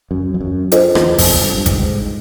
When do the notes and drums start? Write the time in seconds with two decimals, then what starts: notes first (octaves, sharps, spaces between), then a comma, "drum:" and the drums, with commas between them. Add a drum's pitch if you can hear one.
0.11 F#2
0.34 F2
0.41 F#2
0.72 D4 F4 A4 C5 D#5, drum: hi-hat
0.95 E2, drum: rim click
1.18 F2, drum: kick, open hi-hat
1.42 G2
1.57 G2
1.66 G#2, drum: kick, hi-hat